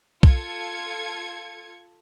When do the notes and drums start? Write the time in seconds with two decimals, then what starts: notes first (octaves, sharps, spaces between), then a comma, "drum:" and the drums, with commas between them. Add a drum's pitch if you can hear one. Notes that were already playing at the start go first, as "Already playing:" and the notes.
0.23 F4 A4 G#6 C#7, drum: kick B1